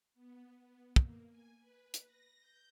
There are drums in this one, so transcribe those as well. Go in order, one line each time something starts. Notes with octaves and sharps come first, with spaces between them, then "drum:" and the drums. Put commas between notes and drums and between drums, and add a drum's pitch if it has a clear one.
B3
B3
A#3, drum: kick
G#5
B4
drum: hi-hat
A#6
G6